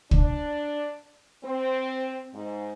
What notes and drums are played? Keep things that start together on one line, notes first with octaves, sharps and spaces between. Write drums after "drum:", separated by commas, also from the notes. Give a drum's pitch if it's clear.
D4, drum: kick
C4
G#2